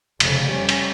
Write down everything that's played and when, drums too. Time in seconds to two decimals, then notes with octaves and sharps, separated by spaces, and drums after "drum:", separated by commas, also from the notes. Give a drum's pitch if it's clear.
0.20 F1 C#3, drum: cymbal
0.49 G3 C#4
0.69 drum: cymbal